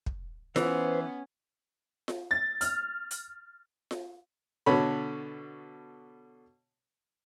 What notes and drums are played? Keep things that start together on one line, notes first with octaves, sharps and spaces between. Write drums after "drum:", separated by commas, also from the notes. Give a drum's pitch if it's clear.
drum: kick
E3 B3 C#4 B4 C5, drum: snare F4
drum: snare F4
A6
F6, drum: hi-hat
drum: hi-hat
drum: snare F4
B2 D3 A4 C#5 B5